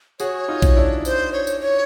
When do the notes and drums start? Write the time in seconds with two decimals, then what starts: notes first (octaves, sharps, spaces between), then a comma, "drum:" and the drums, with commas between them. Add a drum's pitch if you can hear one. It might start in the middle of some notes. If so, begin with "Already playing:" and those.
0.20 F#4 G#4 C#5, drum: tambourine
0.48 D#4 F4
0.62 drum: kick A#1, tambourine
0.76 D4 E4
1.05 C5, drum: tambourine
1.33 C#5
1.47 drum: tambourine
1.61 C#5